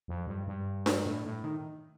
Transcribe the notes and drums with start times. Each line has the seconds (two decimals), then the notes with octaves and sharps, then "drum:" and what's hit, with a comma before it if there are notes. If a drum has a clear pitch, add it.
0.08 F2
0.27 G2
0.47 G2
0.86 drum: snare D4
1.06 A2
1.25 A2
1.44 D#3